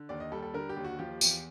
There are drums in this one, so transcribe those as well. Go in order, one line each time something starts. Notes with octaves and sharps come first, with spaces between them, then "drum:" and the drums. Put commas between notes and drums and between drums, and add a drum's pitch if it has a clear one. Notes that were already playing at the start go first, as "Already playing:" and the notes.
Already playing: D3
D#2 D5
D#5
G3 A4
A4
D3 A#4
G4
D#2
F#4
F3 G4
E2 G4, drum: tambourine